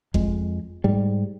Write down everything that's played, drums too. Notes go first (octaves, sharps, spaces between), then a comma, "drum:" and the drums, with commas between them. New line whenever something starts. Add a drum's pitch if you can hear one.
F2 G#3, drum: kick F#1
G#2 G3